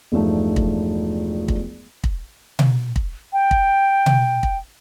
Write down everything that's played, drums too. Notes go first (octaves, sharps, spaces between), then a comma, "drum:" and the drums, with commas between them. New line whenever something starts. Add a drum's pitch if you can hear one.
E1 G2 F3 A3 D#4
drum: kick
drum: kick
drum: kick
drum: tom B2
drum: kick
G5
drum: kick
drum: tom B2
drum: kick